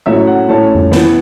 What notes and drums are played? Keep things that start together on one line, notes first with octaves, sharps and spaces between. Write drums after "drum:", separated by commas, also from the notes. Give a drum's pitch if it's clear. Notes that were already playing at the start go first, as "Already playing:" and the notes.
A2 F#3 A3 C#4 E5
F#5
A2 A3 C#4 A5
drum: tom F2
E3 B3, drum: snare